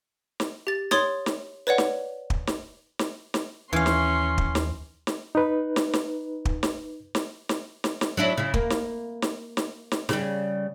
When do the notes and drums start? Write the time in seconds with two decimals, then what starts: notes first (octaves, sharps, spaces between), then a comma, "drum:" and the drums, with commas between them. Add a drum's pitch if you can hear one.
0.40 drum: snare
0.67 G4 A6
0.91 C#5 C6 D#6 G#6 A6, drum: snare
1.26 drum: snare
1.67 B4 C#5 D5 F#5
1.78 drum: snare
2.30 drum: kick
2.47 drum: snare
2.99 drum: snare
3.34 drum: snare
3.73 D#2 E3 C#4 F5 C6
3.86 drum: snare
4.38 drum: kick
4.55 drum: snare
5.07 drum: snare
5.35 D#4 B4
5.76 drum: snare
5.93 drum: snare
6.45 drum: kick
6.63 drum: snare
7.15 drum: snare
7.49 drum: snare
7.84 drum: snare
8.01 drum: snare
8.17 F#3 D4 E4
8.37 C#3 E4
8.54 A#3, drum: kick
8.70 drum: snare
9.22 drum: snare
9.57 drum: snare
9.92 drum: snare
10.09 C#3 G3, drum: snare